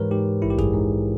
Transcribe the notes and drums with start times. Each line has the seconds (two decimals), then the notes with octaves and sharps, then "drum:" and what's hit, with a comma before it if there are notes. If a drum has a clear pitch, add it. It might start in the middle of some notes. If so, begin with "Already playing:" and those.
Already playing: G#2 E3 G#3 G4 A#4 B4 C#5
0.11 G#2 G4
0.42 A#1 E4
0.50 G4
0.58 G#4, drum: kick F#2
0.74 G#2